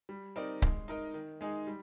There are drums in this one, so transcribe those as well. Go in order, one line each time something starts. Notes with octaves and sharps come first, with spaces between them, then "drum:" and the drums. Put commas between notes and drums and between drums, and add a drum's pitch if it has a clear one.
G3
C4 D#4 A#4 D5
G#3, drum: kick C#1
D#4 A#4 D#5
D#3
G#3 D#4 G#4
G3